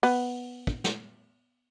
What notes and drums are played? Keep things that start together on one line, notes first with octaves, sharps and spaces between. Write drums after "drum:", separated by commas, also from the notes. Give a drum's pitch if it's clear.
B3, drum: open hi-hat
drum: kick
drum: snare